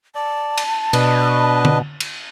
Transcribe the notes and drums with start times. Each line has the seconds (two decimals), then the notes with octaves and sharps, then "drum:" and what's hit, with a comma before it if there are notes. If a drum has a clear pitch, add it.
0.15 D5 A5
0.58 drum: cymbal
0.93 B2 D4 B4 D#5, drum: cymbal
1.65 drum: tom D3
2.00 drum: cymbal